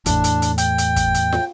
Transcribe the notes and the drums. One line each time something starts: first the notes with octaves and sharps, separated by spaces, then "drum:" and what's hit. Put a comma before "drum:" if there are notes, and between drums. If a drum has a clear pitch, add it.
E2 A2 D4, drum: kick, hi-hat
drum: hi-hat
drum: hi-hat
G5, drum: hi-hat
drum: hi-hat
drum: kick, hi-hat
drum: hi-hat
drum: snare